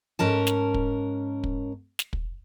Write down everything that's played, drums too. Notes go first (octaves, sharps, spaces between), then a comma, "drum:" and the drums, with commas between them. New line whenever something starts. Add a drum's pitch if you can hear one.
G#2 C#4 A#4 A5
drum: snare
drum: kick
drum: kick
drum: snare
drum: kick